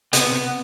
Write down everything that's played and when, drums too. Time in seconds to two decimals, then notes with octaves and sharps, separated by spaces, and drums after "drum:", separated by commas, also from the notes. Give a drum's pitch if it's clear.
0.13 C3 B3, drum: hi-hat
0.32 C3